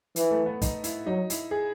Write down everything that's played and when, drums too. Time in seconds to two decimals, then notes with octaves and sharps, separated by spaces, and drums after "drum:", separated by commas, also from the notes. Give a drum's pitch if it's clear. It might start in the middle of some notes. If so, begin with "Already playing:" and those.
0.16 E3, drum: hi-hat
0.31 A3
0.46 B3
0.62 D#4, drum: kick, hi-hat
0.84 E4, drum: hi-hat
1.06 F#3 D#4
1.30 E4, drum: hi-hat
1.51 G#4